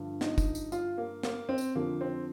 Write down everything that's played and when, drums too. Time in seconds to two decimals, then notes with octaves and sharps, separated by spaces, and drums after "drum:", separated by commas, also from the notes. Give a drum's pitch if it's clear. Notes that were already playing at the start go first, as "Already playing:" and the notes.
Already playing: G2 D3 F3
0.21 D#4, drum: snare
0.38 drum: kick, tambourine
0.55 drum: tambourine
0.72 F4, drum: tambourine
0.98 A#3
1.23 A#3, drum: snare
1.49 C4
1.58 drum: tambourine
1.75 F2 D3 F3 A#3
2.01 C4